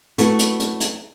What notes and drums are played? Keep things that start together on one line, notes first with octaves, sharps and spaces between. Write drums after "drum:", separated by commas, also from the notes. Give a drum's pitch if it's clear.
A3 B3 E4 F#4, drum: hi-hat
drum: hi-hat
drum: hi-hat
drum: hi-hat